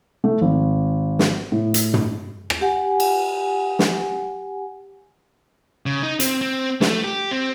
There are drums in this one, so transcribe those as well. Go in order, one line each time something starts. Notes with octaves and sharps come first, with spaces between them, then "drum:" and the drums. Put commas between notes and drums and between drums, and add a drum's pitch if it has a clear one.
A3
G#1
drum: snare
A2
drum: hi-hat
drum: tom
drum: rim click
G4 F#5 G#5
drum: cymbal
drum: snare
C#3
D#4
C4, drum: hi-hat
C4
A3, drum: snare
G4
C4